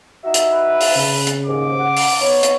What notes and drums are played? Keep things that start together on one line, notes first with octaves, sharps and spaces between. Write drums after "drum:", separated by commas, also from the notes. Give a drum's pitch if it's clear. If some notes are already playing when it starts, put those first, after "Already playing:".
D#4 F#4 E5
drum: hi-hat
B4
drum: open hi-hat
C#3
drum: hi-hat
D#2 G#2 D6
F#5
drum: open hi-hat
B3 D#4 C#5
drum: hi-hat